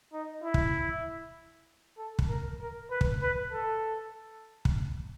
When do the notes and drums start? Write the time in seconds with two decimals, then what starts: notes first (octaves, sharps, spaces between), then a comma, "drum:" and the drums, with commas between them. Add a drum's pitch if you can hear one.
0.13 D#4
0.44 E4
0.54 drum: kick
1.98 A4
2.19 drum: kick
2.29 A#4
2.60 A#4
2.90 B4
3.01 drum: kick
3.22 B4
3.52 A4
4.65 drum: kick